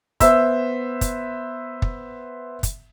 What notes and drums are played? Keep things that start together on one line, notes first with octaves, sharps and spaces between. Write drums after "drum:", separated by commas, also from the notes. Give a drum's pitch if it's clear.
B3 C5 E5 E6, drum: kick, hi-hat
drum: kick, hi-hat
drum: kick
drum: kick, hi-hat